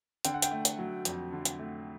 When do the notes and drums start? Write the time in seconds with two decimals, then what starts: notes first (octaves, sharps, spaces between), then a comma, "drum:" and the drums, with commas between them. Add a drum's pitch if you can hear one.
0.25 D3 G5, drum: hi-hat
0.34 F#5
0.42 G5, drum: hi-hat
0.51 A3
0.65 drum: hi-hat
0.79 F#3
1.05 F2, drum: hi-hat
1.32 D3
1.45 drum: hi-hat
1.59 A3